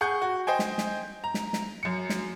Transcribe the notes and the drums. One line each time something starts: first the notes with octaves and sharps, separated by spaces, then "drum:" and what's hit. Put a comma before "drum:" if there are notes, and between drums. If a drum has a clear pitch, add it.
G#4 F#5 C#6 G6
F#4
C5 D#5 G5 G#5
drum: snare
drum: snare
A#5
drum: snare
drum: snare
F#2 C#7
drum: snare